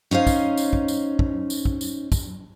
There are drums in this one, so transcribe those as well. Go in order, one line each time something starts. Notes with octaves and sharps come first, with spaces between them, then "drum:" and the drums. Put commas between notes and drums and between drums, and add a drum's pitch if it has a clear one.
C#4 D#4 C5 F5
drum: kick, tambourine
drum: tambourine
drum: kick
drum: tambourine
drum: kick
drum: tambourine
drum: kick
drum: tambourine
drum: kick, tambourine